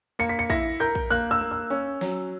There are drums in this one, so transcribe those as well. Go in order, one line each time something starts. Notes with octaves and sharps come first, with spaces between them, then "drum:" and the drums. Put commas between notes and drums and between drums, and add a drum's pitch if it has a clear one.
A#3 C#7
B6
C#7
E4 A#6, drum: kick A#1
A#4 G6
drum: kick A#1
A#3 F#6
E6
A#3
E6
C#4
F#3, drum: snare